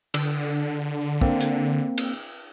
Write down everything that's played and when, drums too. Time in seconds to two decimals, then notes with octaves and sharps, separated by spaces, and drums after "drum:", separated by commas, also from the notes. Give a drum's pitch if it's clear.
0.14 D3, drum: cymbal
1.22 A#3 C4, drum: kick
1.41 drum: hi-hat
1.98 drum: cymbal